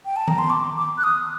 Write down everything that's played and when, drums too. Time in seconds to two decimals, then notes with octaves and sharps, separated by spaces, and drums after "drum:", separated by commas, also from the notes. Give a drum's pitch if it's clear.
0.05 G5
0.16 A5
0.28 A#5, drum: tom D#3
0.38 C6
0.50 D6
0.77 D6
0.98 F#6
1.04 D#6